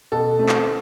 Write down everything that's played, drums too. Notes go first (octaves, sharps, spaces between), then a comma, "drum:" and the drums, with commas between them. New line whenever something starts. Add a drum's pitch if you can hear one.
B2 A4
A3 C4
drum: clap